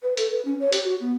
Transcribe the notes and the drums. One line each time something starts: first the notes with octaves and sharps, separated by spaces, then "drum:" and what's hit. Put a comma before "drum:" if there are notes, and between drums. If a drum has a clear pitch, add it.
B4
A4, drum: hi-hat
B4
C#4
C#5
G4, drum: hi-hat
F#4
B3